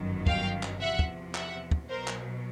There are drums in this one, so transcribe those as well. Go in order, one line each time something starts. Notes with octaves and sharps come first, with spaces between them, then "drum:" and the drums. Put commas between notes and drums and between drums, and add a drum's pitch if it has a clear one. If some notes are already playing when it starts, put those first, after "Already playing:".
Already playing: G1 F#2 D#3 F#3
F5 G5, drum: kick
drum: clap
E2 C3 F3 E5 F#5
drum: kick
E5 F#5, drum: clap
drum: kick
B1 B2 F#3 A#4 C5
drum: clap